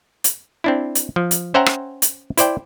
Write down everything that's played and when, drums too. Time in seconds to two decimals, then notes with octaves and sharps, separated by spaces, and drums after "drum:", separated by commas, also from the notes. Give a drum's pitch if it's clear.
0.24 drum: hi-hat
0.64 C4 D4 E4
0.95 drum: hi-hat
1.16 F3
1.31 drum: hi-hat
1.54 C#4 C5 E5 F#5 G5 A#5
1.66 drum: rim click
2.02 drum: hi-hat
2.37 E4 C5 D5 G5, drum: hi-hat